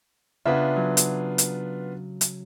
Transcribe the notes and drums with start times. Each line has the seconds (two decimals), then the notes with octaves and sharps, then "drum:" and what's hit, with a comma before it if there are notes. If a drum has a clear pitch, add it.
0.46 C#3 B3 D4 F4 E5
0.76 F#3
0.97 drum: hi-hat
1.38 drum: hi-hat
2.21 drum: hi-hat